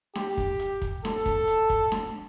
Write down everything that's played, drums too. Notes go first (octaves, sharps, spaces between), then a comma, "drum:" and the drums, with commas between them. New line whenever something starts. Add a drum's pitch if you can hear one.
G4, drum: snare D4
drum: kick, hi-hat
drum: hi-hat
drum: kick, hi-hat
A4, drum: snare D4
drum: kick, hi-hat
drum: hi-hat
drum: kick, hi-hat
drum: snare D4